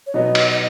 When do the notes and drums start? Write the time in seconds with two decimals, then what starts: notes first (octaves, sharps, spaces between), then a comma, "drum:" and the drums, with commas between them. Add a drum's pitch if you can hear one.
0.07 C#5
0.14 B2 F#3 B3 D#4 D#5
0.35 drum: cymbal
0.50 D#5